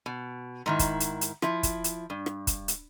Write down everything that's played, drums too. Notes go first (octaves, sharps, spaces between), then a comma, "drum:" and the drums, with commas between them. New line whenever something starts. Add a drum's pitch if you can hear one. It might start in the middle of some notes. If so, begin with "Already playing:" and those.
B2
G#2 D#3 E4
drum: kick, hi-hat
drum: hi-hat
drum: hi-hat
F3 E4, drum: rim click
drum: kick, hi-hat
drum: hi-hat
G2
drum: rim click
drum: kick, hi-hat
drum: hi-hat